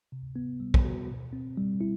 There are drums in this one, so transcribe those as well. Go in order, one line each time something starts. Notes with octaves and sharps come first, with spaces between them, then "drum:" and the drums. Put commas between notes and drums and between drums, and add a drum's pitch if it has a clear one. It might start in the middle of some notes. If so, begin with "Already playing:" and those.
C3
B3
G3
drum: kick
F#4
B2
C4
G3
E4